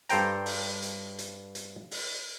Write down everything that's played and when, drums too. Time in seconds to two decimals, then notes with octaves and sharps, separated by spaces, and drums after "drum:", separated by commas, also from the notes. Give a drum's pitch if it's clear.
0.09 G2 A4 C5 G5 A#5, drum: hi-hat
0.46 drum: open hi-hat
0.82 drum: hi-hat
1.19 drum: hi-hat
1.55 drum: hi-hat
1.91 drum: open hi-hat